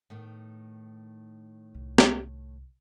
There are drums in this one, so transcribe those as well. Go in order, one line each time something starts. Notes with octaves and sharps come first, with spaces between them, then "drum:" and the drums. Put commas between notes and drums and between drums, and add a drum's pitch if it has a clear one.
A2 D#3 B3
C2
drum: snare